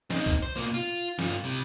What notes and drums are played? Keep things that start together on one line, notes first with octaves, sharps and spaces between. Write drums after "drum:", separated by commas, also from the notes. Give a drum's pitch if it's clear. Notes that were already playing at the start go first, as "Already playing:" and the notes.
C4 D#4, drum: snare
drum: kick C2
C5
B2 A#3
F4
G2 F4, drum: snare
C3 G3